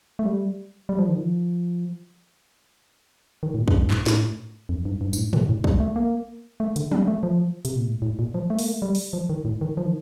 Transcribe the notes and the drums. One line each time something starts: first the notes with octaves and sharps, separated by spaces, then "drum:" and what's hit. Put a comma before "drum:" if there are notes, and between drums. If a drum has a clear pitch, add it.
A3
G3
G3
F3
D#3
F3
D#3
A2
A#2
G2, drum: kick
A2
G2
A2, drum: clap
A2, drum: snare
F2
G2
G2
G2, drum: tambourine
A2
A#2, drum: tom
A2
G3, drum: kick
A3
A#3
A3
D3, drum: hi-hat
G3, drum: tom
A3
F3
C3, drum: hi-hat
A#2
A2
A2
A#2
F3
A3
A#3, drum: open hi-hat
A3
G3
drum: open hi-hat
F3
D#3
A2
D#3
F3
D#3